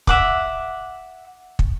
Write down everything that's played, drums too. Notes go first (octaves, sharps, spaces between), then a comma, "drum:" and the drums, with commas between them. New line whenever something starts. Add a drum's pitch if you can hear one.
E5 F#5 D6, drum: kick
drum: kick